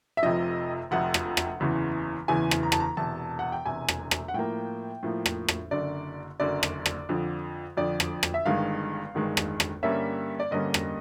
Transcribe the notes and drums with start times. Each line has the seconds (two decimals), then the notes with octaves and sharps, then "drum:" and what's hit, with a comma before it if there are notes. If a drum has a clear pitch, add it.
0.17 E5
0.23 F1 F2 C3 F3 D#5
0.91 F1 F2 C3 F3 F#5
1.14 drum: rim click
1.37 drum: rim click
1.60 F#1 E2 C#3 E3
2.28 F#1 E2 C#3 E3 G#5
2.51 drum: rim click
2.63 A#5
2.72 A5, drum: rim click
2.80 A#5
2.97 E1 E2 C3 A5
3.39 F#5
3.52 G5
3.66 E1 E2 C3 G#5
3.88 drum: rim click
4.11 drum: rim click
4.28 F#5
4.34 A2 F3 A#3 G5
5.03 A2 F3 A#3
5.26 drum: rim click
5.48 drum: rim click
5.71 F#1 F#2 D3 D5
6.40 F#1 F#2 D3 D5
6.63 drum: rim click
6.86 drum: rim click
7.09 F2 D3 F3
7.77 F2 D3 F3 D5
8.00 drum: rim click
8.23 drum: rim click
8.34 E5
8.46 G1 G2 D#3 G#3 F5
9.14 G1 G2 D#3 G#3
9.37 drum: rim click
9.60 drum: rim click
9.83 G2 D3 G3 A#3 C#4 E5
10.40 D5
10.51 G2 D3 G3 A#3 C#4 D#5
10.74 drum: rim click